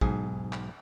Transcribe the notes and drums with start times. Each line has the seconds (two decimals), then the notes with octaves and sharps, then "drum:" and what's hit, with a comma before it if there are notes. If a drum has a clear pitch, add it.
0.01 B1 G#2 G#4, drum: kick
0.53 drum: clap